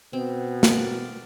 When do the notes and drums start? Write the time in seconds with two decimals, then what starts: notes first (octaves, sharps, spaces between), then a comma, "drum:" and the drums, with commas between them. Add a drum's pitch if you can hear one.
0.13 B2 C4
0.63 drum: snare
0.73 A#4 D5